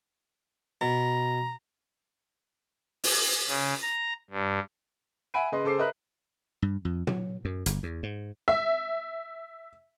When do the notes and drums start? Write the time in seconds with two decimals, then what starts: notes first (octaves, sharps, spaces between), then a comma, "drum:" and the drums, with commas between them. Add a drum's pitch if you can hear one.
0.81 B2 A#5
3.04 drum: open hi-hat
3.48 C#3
3.81 A#5
4.31 G2
5.34 E5 F#5 G#5 B5 D7 D#7
5.52 C#3 B4 D#5 C6
5.64 C#3 A4 C5 D6 C7
5.78 A#4 B4 D#5 E5 B5 F#6
6.62 G2
6.85 F2
7.07 F#3, drum: tom
7.45 F#2
7.66 G1, drum: hi-hat
7.83 E2
8.03 G#2
8.48 E5